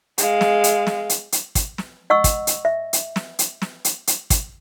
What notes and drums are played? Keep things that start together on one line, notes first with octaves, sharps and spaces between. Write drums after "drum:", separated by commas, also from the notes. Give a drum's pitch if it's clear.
G#3 F5, drum: hi-hat
drum: snare
drum: hi-hat
drum: snare
drum: hi-hat
drum: hi-hat
drum: kick, hi-hat
drum: snare
D#5 F#5 C#6 E6
drum: kick, hi-hat
drum: hi-hat
E5
drum: hi-hat
drum: snare
drum: hi-hat
drum: snare
drum: hi-hat
drum: hi-hat
drum: kick, hi-hat